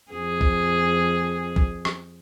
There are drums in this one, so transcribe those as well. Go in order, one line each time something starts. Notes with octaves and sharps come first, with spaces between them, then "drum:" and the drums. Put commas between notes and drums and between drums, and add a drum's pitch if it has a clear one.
F2 G#4
drum: kick
drum: kick
drum: rim click